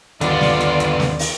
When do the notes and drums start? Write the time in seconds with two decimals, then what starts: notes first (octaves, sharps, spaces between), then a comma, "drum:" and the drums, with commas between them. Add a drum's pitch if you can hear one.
0.21 D#2 D3 B3 F4 D5, drum: hi-hat
0.41 drum: snare
0.60 drum: hi-hat
0.80 drum: hi-hat
1.00 drum: snare
1.19 drum: open hi-hat